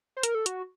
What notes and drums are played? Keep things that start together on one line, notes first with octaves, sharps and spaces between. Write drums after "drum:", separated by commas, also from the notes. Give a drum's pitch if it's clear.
C5
A#4, drum: hi-hat
A4
F#4, drum: hi-hat